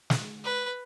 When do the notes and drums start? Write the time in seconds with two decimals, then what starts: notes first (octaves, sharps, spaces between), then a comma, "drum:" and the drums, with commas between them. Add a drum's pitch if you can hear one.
0.10 drum: snare
0.44 B4